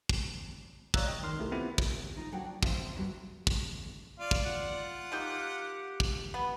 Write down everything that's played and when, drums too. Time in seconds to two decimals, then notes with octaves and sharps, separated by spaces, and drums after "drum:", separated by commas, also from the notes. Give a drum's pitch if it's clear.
0.09 drum: kick
0.94 C#5 D5 F5 A#5 E6 F#6, drum: kick
1.06 D#5 G5
1.23 D#3 C6 F6
1.39 C2 A3 E4 G4 A4 A#4
1.51 B3 C4 E4 F4 G4
1.78 drum: kick
2.16 D#4 F4
2.32 D#2 F#3 D4 A#4 F#5 G5
2.45 D5
2.63 F3 D4 D5 E5 F5, drum: kick
2.76 C4
2.95 E2 G2 F#3 G3
3.47 drum: kick
4.19 F4 D5 F5
4.31 drum: kick
4.46 F4 F#5
5.12 A#3 D#4 G4 G5
6.00 drum: kick
6.34 B3